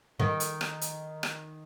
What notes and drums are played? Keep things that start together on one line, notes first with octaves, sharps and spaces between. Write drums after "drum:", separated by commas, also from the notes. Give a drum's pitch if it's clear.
D#3
drum: hi-hat
drum: rim click
drum: hi-hat
drum: rim click